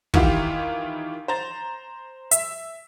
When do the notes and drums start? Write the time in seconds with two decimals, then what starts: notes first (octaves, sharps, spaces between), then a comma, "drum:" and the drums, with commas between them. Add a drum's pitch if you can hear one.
0.14 D#3 E3 E4 F4 G4, drum: kick
1.28 C5 A#5 A6
2.31 E5, drum: hi-hat